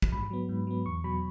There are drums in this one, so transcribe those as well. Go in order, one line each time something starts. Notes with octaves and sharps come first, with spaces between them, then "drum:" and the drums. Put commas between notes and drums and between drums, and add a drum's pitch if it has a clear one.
drum: kick
G#2 B5
F#3 B3
G#2
F#3 B3
E2 C#6
B2 F#3 B5